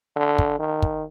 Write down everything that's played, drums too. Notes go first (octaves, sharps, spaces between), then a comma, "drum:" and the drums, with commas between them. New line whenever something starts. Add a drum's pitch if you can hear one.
D3
drum: kick
D#3
drum: kick